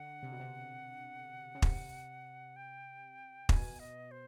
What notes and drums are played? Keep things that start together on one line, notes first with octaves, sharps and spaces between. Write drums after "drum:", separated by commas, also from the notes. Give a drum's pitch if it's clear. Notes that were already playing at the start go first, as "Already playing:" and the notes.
Already playing: D3 F#5
C3
B2
C3
C#3
C3, drum: kick
G5
B2 G#5, drum: kick
D#5
C5